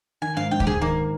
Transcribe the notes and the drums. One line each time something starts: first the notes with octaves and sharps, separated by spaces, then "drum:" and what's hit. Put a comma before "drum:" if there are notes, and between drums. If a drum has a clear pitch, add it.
D#3 G#5
G#2 F5
G#2 G5
G4, drum: kick D2
G#2 G#4
D#3 A#3